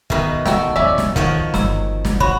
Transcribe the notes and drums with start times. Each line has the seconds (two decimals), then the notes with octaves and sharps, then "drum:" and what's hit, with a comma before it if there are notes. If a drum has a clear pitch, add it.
0.10 B2 D#3 A3 B4, drum: kick
0.46 F#4 A4 G5, drum: snare
0.76 E2 C3 C#4 D5 E5
0.98 drum: snare
1.16 D#3 F3 C#5 F#5, drum: kick
1.54 G1 A#5 E6, drum: snare
2.05 drum: snare
2.20 F#4 C#5 B5, drum: kick